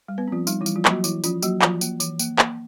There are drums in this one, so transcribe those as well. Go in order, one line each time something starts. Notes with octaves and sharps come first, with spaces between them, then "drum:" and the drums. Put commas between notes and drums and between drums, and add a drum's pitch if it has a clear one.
G3
B3 B4
F3 C4 F4
G3 D#4, drum: tambourine
E3 E4
G3, drum: tambourine
F3 F4
F#3 A#3 F#4, drum: clap
E3 E4, drum: tambourine
F3 C#4 F4, drum: tambourine
F#3 A#3 F#4, drum: tambourine
E3 F3 F4, drum: clap
A#3, drum: tambourine
E3, drum: tambourine
A#3, drum: tambourine
A#3, drum: clap